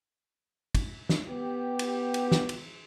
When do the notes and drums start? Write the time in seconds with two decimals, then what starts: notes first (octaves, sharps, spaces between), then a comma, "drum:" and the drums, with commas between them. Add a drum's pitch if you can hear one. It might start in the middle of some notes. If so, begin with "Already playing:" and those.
0.75 drum: kick, cymbal
1.09 drum: snare
1.27 B3 G4
1.79 drum: cymbal
2.14 drum: cymbal
2.31 drum: snare
2.49 drum: cymbal